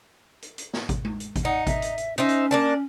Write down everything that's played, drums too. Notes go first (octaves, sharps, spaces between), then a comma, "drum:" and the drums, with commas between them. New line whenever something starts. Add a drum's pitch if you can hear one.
drum: hi-hat
drum: hi-hat
drum: snare
drum: kick G#1, hi-hat
drum: tom G#3
drum: hi-hat
drum: kick G#1, hi-hat
D#4 F#5
E5, drum: kick G#1, hi-hat
drum: hi-hat
drum: hi-hat
C#4 D#4 C5 E5
drum: hi-hat
A#3 D4 A5